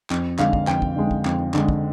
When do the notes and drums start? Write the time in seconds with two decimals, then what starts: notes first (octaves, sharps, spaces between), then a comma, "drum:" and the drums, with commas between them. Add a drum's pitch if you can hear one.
0.10 F2, drum: clap
0.39 D3 G#3 F5, drum: clap
0.53 drum: kick
0.67 F2 G5, drum: clap
0.82 drum: kick
0.96 D3 G#3
1.11 drum: kick
1.25 F2, drum: clap
1.54 D3 G#3, drum: clap
1.68 drum: kick